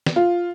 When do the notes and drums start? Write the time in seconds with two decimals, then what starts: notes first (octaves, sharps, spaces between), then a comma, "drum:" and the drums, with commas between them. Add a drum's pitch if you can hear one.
0.06 drum: snare
0.16 F4